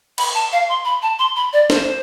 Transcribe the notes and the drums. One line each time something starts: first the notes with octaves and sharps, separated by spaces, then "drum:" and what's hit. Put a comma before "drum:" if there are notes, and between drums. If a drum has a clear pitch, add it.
B5, drum: cymbal
A5
F5
C6
B5
A5
C6
B5
D5
C5, drum: snare